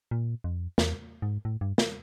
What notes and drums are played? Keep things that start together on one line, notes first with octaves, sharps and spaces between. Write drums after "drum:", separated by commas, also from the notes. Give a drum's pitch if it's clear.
A#2
F2
E2, drum: snare
G#2
A2
G2
drum: snare